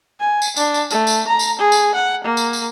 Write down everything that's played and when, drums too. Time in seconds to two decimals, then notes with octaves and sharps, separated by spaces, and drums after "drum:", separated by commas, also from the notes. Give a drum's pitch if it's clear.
0.20 G#5
0.42 drum: tambourine
0.56 D4, drum: tambourine
0.74 drum: tambourine
0.90 A3, drum: tambourine
1.07 drum: tambourine
1.27 A#5
1.39 drum: tambourine
1.59 G#4
1.72 drum: tambourine
1.95 F#5
2.24 A#3
2.37 drum: tambourine
2.53 drum: tambourine